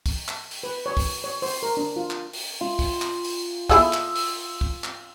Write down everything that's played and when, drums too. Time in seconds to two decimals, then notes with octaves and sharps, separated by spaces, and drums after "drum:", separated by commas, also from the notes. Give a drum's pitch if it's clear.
0.06 drum: kick, open hi-hat
0.28 drum: clap
0.51 drum: open hi-hat
0.63 B4
0.86 C#5
0.97 drum: kick, open hi-hat
1.24 C#5
1.42 C5, drum: open hi-hat
1.63 A#4
1.77 D4
1.96 F4
2.11 drum: clap
2.33 drum: open hi-hat
2.61 F4
2.79 drum: kick, open hi-hat
3.02 drum: clap
3.25 drum: open hi-hat
3.69 E4 G#4 A4 F5 D#6 E6, drum: kick, open hi-hat
3.93 drum: clap
4.16 drum: open hi-hat
4.61 drum: kick
4.84 drum: clap